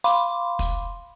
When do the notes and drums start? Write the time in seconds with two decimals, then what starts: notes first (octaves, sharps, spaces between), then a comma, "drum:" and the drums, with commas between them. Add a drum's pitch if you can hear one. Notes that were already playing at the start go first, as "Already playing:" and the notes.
0.04 F5 B5 C6 D6, drum: hi-hat
0.59 drum: kick, hi-hat